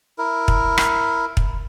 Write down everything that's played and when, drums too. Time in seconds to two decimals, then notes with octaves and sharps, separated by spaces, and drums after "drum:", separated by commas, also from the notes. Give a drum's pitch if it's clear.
0.18 E4 A#4
0.48 drum: kick
0.78 drum: rim click
1.37 drum: kick